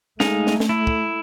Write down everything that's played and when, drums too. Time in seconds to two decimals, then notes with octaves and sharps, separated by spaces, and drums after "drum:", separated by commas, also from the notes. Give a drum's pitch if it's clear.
0.20 G#3 A3 D#4 F5, drum: snare
0.47 drum: snare
0.60 drum: snare
0.69 E4
0.87 drum: kick